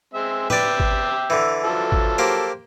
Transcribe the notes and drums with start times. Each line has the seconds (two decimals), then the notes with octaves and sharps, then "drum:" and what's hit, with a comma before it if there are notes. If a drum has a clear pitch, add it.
0.14 G#3 C4 E5
0.50 B4 D5 E5 G5 D6, drum: tom
0.80 drum: kick G#1
1.30 D3 E3
1.64 F3 F#3 A4
1.92 drum: kick G#1
2.18 A#3 G4 C5